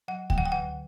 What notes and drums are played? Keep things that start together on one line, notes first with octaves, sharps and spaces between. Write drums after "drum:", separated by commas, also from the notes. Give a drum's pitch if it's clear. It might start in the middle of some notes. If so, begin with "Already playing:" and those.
F#3 F#5
F#3 G5, drum: kick D2
F#5
G5
D3 F#5